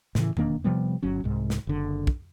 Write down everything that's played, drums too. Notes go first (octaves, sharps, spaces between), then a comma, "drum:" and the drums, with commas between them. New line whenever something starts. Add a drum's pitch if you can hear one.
A2 C#3 E3, drum: snare
E1 D#3 A#3 D4, drum: tom E2
C3 F3 G3 B3
G1 F#3 C#4
C2 G#2
drum: snare
F#1 D3
drum: kick